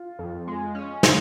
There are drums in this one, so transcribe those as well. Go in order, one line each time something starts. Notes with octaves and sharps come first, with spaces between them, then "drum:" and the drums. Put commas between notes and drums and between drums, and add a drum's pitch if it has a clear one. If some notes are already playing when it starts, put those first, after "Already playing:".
Already playing: F4
F2
G#3
C#4
C#3 D#4, drum: snare